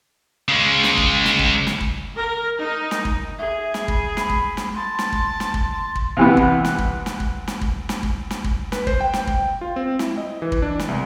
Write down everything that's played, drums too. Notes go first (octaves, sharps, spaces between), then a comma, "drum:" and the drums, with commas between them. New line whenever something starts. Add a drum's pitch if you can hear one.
C#3 G#3
drum: snare
drum: kick
drum: snare
drum: kick
drum: snare
drum: kick
A#4
D#4
drum: snare
drum: kick
G#4 E5
drum: snare
B5, drum: kick
B5, drum: snare
drum: kick
drum: snare
A5 C6
drum: snare
drum: kick
drum: snare
drum: kick
C6
drum: kick
C3 E3 B3
drum: kick
drum: snare
drum: kick
drum: snare
drum: kick
drum: snare
drum: kick
drum: snare
drum: kick
drum: snare
drum: kick
B4, drum: snare
C5, drum: kick
G5
drum: snare
drum: kick
F4
C4
E4, drum: snare
D#5
E3
drum: kick
D4
drum: snare
C2